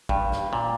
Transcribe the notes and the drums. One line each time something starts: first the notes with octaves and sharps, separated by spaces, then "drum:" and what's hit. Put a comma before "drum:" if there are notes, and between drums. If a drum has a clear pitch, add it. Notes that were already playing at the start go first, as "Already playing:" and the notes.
G2, drum: kick
drum: snare
A#2